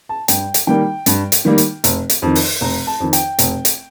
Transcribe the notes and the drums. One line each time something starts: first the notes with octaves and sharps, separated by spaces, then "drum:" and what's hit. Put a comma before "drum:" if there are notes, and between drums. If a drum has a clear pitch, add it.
A5
G2 G5, drum: hi-hat
drum: hi-hat
D#3 G3 A#3 G5
G2, drum: hi-hat
drum: hi-hat
D#3 G3 A#3
drum: hi-hat
F1, drum: hi-hat
drum: hi-hat
F2 D#3
drum: open hi-hat
F1 A#5
A5
F2 D#3
G5, drum: hi-hat
F1, drum: hi-hat
drum: hi-hat